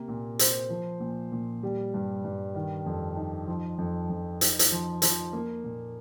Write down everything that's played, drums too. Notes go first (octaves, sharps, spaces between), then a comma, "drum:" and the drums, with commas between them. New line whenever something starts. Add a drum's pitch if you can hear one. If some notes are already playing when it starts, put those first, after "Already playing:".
Already playing: C3 A#3 A#4
A#2
C5, drum: hi-hat
F3
A#2
A#2
G3
G2
G2
D#3
F2
D#4
F3
F2
F2
D#4, drum: hi-hat
drum: hi-hat
F3
F3, drum: hi-hat
A#3
A#2